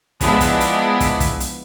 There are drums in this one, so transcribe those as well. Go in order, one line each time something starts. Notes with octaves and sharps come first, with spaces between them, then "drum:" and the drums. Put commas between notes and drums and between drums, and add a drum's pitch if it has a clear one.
F3 G#3 B3 D4 E4, drum: kick, hi-hat
drum: kick, hi-hat
drum: hi-hat
drum: kick, hi-hat
drum: kick, hi-hat
drum: hi-hat